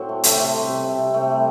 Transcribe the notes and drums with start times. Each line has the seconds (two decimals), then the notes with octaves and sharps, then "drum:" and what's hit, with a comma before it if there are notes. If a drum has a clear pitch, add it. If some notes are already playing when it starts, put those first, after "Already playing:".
Already playing: A2 F#3 C4
0.09 A3
0.24 C3 A3, drum: hi-hat
0.39 C3
0.54 G3
0.69 C3
0.84 C3
0.99 C3
1.14 C3 A3
1.29 G3